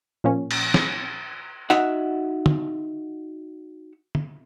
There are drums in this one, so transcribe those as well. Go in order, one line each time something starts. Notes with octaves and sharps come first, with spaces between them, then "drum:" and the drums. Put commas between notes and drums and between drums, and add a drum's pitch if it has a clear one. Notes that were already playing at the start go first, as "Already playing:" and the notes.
A#2 F3 A#3 C#4
drum: cymbal
drum: snare
D#4 F#4 E5 F#5, drum: hi-hat
drum: tom
drum: tom